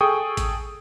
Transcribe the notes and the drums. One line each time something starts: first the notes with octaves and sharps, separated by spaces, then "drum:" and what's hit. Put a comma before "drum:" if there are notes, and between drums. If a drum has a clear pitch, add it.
G#4 A4 G5 C#6 D#6
drum: kick G#1, hi-hat